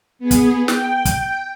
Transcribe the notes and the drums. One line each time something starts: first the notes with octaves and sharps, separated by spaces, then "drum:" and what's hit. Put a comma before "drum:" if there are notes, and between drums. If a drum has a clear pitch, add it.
B3 G#4
drum: kick, hi-hat
G5, drum: snare
drum: kick, hi-hat